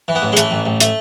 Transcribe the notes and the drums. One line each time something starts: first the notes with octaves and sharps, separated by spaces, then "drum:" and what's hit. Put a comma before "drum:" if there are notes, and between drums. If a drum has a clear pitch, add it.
E3
B3
A1
G#3
E3 A3, drum: hi-hat
A1
A1
A3, drum: hi-hat